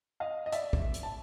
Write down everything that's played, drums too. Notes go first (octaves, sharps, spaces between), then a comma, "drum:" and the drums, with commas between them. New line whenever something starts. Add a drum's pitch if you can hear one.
D#5 F5
D#5
D5 E5, drum: hi-hat
drum: kick
drum: hi-hat
A5